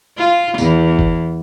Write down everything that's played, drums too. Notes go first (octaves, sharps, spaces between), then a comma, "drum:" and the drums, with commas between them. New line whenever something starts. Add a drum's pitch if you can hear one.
F4
E2, drum: tambourine
drum: kick G1